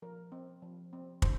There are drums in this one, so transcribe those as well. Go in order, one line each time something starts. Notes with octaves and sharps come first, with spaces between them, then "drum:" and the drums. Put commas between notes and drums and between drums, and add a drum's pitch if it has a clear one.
F3 A#4
C4
F3
C4
D3 C5, drum: kick